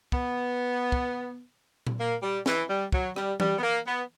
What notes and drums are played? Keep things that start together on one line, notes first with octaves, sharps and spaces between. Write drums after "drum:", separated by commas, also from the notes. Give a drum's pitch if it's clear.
B3, drum: kick
drum: kick
drum: tom A#2
A#3
G3
E3, drum: snare
G3
F#3, drum: kick
G3, drum: rim click
G3, drum: tom E3
B3
A#3
B3